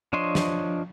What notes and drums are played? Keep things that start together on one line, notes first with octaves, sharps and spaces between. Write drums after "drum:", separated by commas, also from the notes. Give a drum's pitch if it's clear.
F3 D4 C#5 D#5 C6
drum: snare